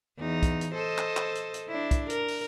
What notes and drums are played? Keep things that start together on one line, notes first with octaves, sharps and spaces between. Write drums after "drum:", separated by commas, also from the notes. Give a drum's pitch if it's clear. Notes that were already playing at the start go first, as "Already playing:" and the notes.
E2 D#4
drum: kick, hi-hat
drum: hi-hat
A4 C5 D#5
drum: clap
drum: clap
drum: hi-hat
drum: hi-hat
D4 E4
drum: kick, hi-hat
A#4, drum: hi-hat
drum: open hi-hat